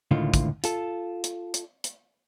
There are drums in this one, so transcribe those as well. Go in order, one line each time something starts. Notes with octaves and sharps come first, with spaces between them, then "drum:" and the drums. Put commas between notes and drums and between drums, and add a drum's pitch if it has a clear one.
C#2 A2 D3 D#3 F4
drum: kick, hi-hat
F4 A4, drum: hi-hat
drum: hi-hat
drum: hi-hat
drum: hi-hat